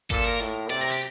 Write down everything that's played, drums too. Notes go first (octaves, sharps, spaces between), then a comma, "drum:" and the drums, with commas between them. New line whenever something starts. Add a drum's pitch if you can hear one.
A#2 A4, drum: kick G#1, hi-hat
A#4
A2, drum: hi-hat
C3 D5, drum: hi-hat
A#4
G4